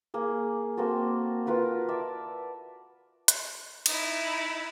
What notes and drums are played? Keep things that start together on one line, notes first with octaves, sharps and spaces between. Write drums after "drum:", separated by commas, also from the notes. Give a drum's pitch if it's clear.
A#3 G#4
A#3 C4 F#4 A4
F4 A#4 B4 F#5
D5 E5 A5
drum: hi-hat
D#4 E4, drum: cymbal